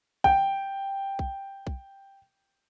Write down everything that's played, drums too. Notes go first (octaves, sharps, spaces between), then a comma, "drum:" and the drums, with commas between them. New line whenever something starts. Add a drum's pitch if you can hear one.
G5, drum: kick B1
drum: kick B1
drum: kick B1